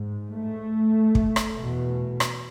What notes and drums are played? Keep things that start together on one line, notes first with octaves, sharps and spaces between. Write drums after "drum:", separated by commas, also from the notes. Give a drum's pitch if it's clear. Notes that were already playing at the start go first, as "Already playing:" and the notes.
Already playing: G#2
A3
drum: kick
drum: rim click
E2 B2
drum: rim click